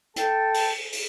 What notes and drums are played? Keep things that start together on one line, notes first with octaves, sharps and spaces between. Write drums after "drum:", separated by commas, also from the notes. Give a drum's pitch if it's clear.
A4 G5 A5, drum: hi-hat
drum: open hi-hat
drum: open hi-hat